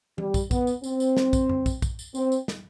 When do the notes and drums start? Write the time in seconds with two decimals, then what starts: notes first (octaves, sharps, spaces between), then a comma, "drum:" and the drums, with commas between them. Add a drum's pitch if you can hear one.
0.18 G3, drum: tom E3
0.34 drum: kick, tambourine
0.51 B3, drum: kick, tambourine
0.67 drum: tambourine
0.84 C4, drum: tambourine
1.00 drum: tambourine
1.17 drum: snare
1.33 drum: kick, tambourine
1.49 drum: tom F2
1.66 drum: kick, tambourine
1.82 drum: kick, tambourine
1.99 drum: tambourine
2.15 C4, drum: tambourine
2.32 drum: tambourine
2.48 drum: snare